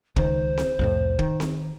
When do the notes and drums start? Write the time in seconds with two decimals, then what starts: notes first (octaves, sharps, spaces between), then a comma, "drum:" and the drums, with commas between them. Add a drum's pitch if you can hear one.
0.16 C#2 D#3 C5, drum: kick
0.58 drum: snare C4
0.79 C2 F2 A2
1.19 D#3, drum: kick
1.40 drum: snare C4